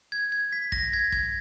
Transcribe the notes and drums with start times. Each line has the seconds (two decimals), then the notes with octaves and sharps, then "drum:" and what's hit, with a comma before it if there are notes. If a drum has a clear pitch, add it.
0.12 G#6
0.32 G#6
0.52 B6
0.72 A#6, drum: kick
0.93 G#6
1.12 G#6, drum: kick